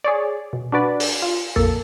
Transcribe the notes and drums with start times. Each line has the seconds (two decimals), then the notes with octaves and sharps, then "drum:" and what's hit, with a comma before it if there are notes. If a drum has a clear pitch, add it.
0.04 G#4 C#5 D5
0.53 B2
0.72 D4 F#4 B4 D5
1.00 drum: open hi-hat
1.22 F4
1.56 A#1 F2 A#3 A4